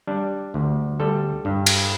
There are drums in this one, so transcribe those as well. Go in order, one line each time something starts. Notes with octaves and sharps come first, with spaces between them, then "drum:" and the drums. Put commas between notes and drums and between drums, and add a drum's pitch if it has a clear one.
G3 D4
D2
G3 A4
G2
drum: cymbal